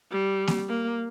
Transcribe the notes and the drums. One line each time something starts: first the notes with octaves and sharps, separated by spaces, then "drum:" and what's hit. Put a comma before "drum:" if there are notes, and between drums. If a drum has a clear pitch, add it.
G3
drum: snare A#3
A#3